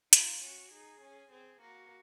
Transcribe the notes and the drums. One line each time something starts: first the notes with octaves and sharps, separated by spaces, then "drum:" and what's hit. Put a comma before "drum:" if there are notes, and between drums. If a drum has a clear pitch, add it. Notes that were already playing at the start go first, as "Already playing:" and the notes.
D#4 F4, drum: hi-hat
C#4 F#4
D#4 G#4
C#4
C4 G#4
A#3 F#4